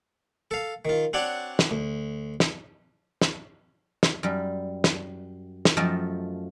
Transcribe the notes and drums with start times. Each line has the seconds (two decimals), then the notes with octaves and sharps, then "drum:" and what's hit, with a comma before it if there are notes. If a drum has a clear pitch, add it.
0.51 A4 F5
0.85 D#3 F4
1.13 C4 D4 F#4 C#5 D5 F#5
1.59 drum: snare
1.71 D2
2.40 drum: snare
3.21 drum: snare
4.03 drum: snare
4.23 F#2 G3
4.84 drum: snare
5.65 drum: snare
5.77 F#2 F3 A3 D#5 G5 A5